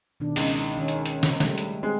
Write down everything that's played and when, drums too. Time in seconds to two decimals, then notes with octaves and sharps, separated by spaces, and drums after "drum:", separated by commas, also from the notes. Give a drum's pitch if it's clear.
0.20 B2 D#3 D4
0.36 C#2 D#4, drum: open hi-hat
0.77 D#3 C#4
0.88 drum: hi-hat
1.06 drum: hi-hat
1.23 drum: snare
1.40 G3 A3, drum: snare
1.58 drum: hi-hat
1.83 G#3 C4